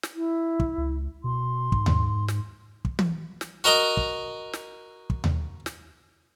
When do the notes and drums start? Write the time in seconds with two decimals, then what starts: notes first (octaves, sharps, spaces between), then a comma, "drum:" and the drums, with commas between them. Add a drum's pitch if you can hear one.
0.03 drum: snare
0.15 E4
0.60 drum: kick
0.78 C#2
1.24 B2 C6
1.72 G#2, drum: kick
1.86 drum: tom D#2
2.28 drum: snare
2.85 drum: kick
2.99 drum: tom
3.41 drum: snare
3.64 F#4 A#4 D#5 A#5
3.97 drum: kick
4.53 drum: snare
5.10 drum: kick
5.24 drum: tom D#2
5.66 drum: snare